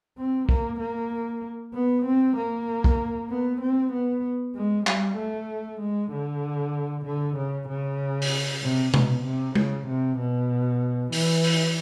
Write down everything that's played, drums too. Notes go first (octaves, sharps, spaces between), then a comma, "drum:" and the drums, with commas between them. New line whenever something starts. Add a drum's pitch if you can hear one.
C4
A#3, drum: kick
A#3
B3
C4
A#3
drum: kick
B3
C4
B3
G#3
G3, drum: clap
A3
G#3
D3
D3
C#3
C#3
drum: open hi-hat
C3
B2, drum: tom C3
C3
C#3, drum: tom
C3
B2
E3, drum: open hi-hat
drum: open hi-hat